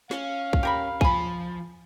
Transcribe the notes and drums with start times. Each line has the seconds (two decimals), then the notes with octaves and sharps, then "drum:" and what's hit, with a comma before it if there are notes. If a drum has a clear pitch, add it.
0.11 C#4 F5, drum: snare
0.53 drum: kick
0.63 G4 A#4 B5
1.01 F3 G#5 B5, drum: kick